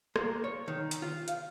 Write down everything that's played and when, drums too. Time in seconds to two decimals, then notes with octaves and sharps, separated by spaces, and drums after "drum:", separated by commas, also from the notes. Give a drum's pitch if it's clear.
0.16 A#3, drum: rim click
0.44 C#5
0.68 D#3
0.91 drum: hi-hat
1.02 F4
1.28 F5, drum: hi-hat